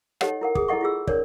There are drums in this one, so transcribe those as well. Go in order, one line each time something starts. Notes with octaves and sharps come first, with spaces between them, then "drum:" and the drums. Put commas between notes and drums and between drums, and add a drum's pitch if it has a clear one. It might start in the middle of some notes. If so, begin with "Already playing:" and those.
D#4 G4 A4 C#5 D#5 F#5, drum: rim click
E4 A#4 F#5
G#4 D#6, drum: kick
E4 A4 D#5 F#5 C#6
E4 F4 G#4 E6
D4 A#4 C#5 D5, drum: kick